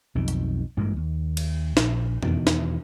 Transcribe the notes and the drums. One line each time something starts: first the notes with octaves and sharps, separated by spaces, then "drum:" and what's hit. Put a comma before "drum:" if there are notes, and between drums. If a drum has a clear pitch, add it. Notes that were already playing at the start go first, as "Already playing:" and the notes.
B1 F2 D#3
drum: hi-hat
A1 G2 G#3 A#3
D#2
drum: cymbal
A#1, drum: snare
E2 B2 D#3, drum: tom F2
drum: snare